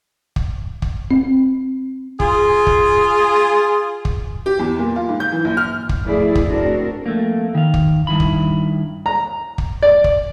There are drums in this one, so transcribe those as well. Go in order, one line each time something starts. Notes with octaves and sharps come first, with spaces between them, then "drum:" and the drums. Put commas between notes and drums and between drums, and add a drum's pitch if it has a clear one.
drum: kick
drum: kick
C4
F4 G#4, drum: kick
drum: kick
drum: kick
G4
E2
A#2
F4
G#2
G6
E3
A#1
F6
drum: kick
F2 A3 E4 G#4 D5
drum: kick
A2 C4 D4 F#4 A#4
F2 A3 A#3
D#3 F5
drum: kick
G2 D#3 E4 B5
drum: kick
A#5
drum: kick
D5
drum: kick